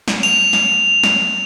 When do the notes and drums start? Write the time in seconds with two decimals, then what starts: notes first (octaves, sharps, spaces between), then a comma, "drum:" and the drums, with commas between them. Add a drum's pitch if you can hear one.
0.08 drum: snare
0.23 F7, drum: hi-hat
0.53 drum: snare
1.04 drum: snare